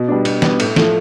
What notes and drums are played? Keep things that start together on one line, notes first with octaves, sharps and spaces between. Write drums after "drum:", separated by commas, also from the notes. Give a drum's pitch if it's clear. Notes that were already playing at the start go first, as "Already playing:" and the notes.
Already playing: B2
G3 B3 D4
B2, drum: cymbal
G3 B3 D4, drum: snare
A2, drum: cymbal
F3 A3, drum: snare